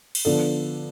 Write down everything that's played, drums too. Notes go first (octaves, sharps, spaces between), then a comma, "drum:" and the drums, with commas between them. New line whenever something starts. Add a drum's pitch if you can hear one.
drum: cymbal
D3 F3 B3 D4 A4